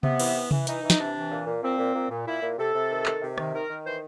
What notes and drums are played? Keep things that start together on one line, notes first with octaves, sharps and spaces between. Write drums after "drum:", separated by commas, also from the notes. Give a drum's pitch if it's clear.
C3 B3, drum: tom C3
E3, drum: cymbal
E3
E3, drum: tom C3
E3 D#4, drum: hi-hat
E3
D#4, drum: snare
C3 D4
E3
A#2
A#2
A#2 C4
A#2
A#2
A#2
A#2 E4
A#2
C3 A4
C3
D#3
D#3, drum: clap
C3
D#3, drum: rim click
D#3 A#4
D#3
E3 C5